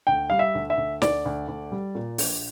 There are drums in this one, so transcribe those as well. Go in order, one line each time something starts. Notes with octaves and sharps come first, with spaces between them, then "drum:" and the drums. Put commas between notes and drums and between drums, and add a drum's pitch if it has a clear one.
D2 G5
G3 F5
E5
D2
E5
D2
D2 D5, drum: snare
D2
D2
G3
A#2
A#1, drum: open hi-hat